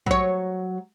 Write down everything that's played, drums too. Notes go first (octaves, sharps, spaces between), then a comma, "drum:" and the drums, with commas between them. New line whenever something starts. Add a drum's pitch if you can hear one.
F#3 C#5, drum: kick A#1